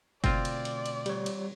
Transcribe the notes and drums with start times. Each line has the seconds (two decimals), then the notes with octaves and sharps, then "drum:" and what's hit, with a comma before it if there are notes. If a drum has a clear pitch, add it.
0.24 B2 D3 A3 C4 F4 D5, drum: kick F#1, cymbal
0.45 drum: cymbal
0.65 drum: cymbal
0.86 drum: cymbal
1.06 G3 C#5, drum: cymbal
1.26 drum: cymbal